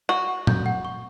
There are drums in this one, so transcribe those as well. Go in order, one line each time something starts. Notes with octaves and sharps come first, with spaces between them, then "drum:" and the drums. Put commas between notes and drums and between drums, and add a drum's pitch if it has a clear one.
F#4 C#6
F#5
G6, drum: tom A#2
F#5
C#6